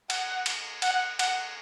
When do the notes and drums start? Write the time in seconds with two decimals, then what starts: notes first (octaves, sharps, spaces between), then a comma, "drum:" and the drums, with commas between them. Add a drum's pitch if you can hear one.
0.10 F#5, drum: cymbal
0.46 drum: cymbal
0.82 F#5, drum: cymbal
1.19 F#5, drum: cymbal